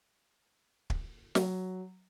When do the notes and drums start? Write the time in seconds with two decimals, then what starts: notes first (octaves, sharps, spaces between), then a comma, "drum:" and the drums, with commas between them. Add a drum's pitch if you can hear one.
0.90 drum: kick
1.35 F#3, drum: snare